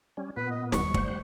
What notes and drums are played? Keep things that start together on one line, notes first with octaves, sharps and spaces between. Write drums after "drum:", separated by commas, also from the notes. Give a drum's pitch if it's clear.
G3 C#4
A#2 B3 B4
D#5
D#2 G3 C#6, drum: snare
G3 A3 C5 F#5, drum: kick